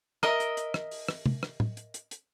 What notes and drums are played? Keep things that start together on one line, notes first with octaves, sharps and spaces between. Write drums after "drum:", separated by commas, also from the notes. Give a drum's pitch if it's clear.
A#4 D#5 E5 D#6, drum: rim click
drum: hi-hat
drum: hi-hat
drum: rim click
drum: open hi-hat
drum: rim click
drum: tom
drum: rim click
drum: tom
drum: hi-hat
drum: hi-hat
drum: hi-hat